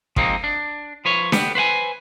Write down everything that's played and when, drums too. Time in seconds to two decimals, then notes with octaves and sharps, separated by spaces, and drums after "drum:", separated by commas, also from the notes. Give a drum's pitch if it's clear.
0.16 F3 G#3 A#3 C4 D#4, drum: kick
0.44 D4
1.05 F3 B4 C#5
1.32 D3 B3 D4 G4, drum: snare D4
1.55 B4 C5 F#5 G#5